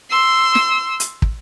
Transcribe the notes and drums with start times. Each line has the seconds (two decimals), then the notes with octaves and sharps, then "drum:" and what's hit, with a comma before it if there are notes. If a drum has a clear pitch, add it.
0.10 C6 E6
0.55 drum: snare
1.00 drum: hi-hat
1.22 drum: kick